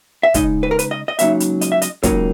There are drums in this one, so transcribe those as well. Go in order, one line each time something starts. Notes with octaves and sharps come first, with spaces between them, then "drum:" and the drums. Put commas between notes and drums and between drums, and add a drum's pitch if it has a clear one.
E5
C#3 G#3 D#4 D#5, drum: kick, hi-hat
B4
A#4
B4, drum: hi-hat
D#5
D#5
C#2 C#3 F#3 A#3 D#4 E5, drum: hi-hat
drum: hi-hat
D#5, drum: hi-hat
E5
D#5, drum: hi-hat
C#2 C#3 F#3 A#3 D#4 C#5, drum: kick, hi-hat